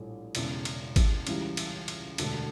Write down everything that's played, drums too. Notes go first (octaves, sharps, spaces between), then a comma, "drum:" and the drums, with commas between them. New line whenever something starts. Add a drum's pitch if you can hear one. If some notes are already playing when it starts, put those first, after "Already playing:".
Already playing: A#1 A2 G3
E1 E2 C#3, drum: cymbal
drum: cymbal
drum: kick G#1, cymbal
C#2 C#3 E3 G3, drum: cymbal
drum: cymbal
drum: cymbal
E1 D2 D3 A3 D4, drum: cymbal